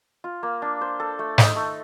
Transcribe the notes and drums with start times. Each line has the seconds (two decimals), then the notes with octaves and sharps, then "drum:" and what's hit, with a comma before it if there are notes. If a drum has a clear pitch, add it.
0.24 F4
0.43 A#3
0.62 D4
0.81 C5
1.00 A4
1.19 A3
1.38 D#4, drum: snare
1.56 A3